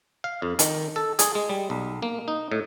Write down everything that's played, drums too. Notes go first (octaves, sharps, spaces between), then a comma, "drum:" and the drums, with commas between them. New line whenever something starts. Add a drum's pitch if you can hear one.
F5
F2
D#3, drum: hi-hat
A4
G#4, drum: hi-hat
G#3
G3
B1
A#3
D#4
A2